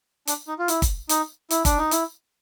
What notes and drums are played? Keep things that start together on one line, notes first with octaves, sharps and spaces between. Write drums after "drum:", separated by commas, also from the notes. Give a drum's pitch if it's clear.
D4, drum: hi-hat
D#4
F4
E4, drum: hi-hat
drum: kick, hi-hat
D#4, drum: hi-hat
E4, drum: hi-hat
D4, drum: kick, hi-hat
D#4
E4, drum: hi-hat